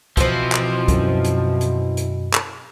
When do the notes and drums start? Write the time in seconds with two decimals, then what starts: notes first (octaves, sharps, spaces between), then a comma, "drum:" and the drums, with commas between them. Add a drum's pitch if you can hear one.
0.17 B2 E3 F3 C4, drum: kick, hi-hat
0.52 drum: clap
0.88 F#2, drum: kick, hi-hat
1.25 drum: hi-hat
1.61 drum: hi-hat
1.97 drum: hi-hat
2.33 drum: clap